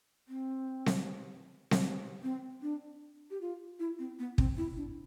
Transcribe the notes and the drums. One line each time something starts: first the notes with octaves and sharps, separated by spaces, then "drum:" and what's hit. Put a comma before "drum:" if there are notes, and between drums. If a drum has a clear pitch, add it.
C4
drum: snare C4
drum: snare C4
C4
D4
G4
F4
E4
C4
B3
C4, drum: kick
E4
D4